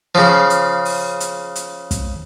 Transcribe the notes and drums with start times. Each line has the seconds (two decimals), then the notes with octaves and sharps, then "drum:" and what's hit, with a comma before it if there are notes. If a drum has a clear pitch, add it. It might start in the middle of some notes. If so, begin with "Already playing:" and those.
0.15 C#3 F3
0.50 drum: hi-hat
0.85 drum: open hi-hat
1.20 drum: hi-hat
1.56 drum: hi-hat
1.91 drum: kick, hi-hat